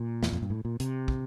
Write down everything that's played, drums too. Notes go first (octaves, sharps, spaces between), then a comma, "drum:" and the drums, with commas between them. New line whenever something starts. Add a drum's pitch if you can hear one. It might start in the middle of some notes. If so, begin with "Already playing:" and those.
Already playing: A#2
E2, drum: snare
F2
G2
A2
A#2
C3, drum: hi-hat
drum: kick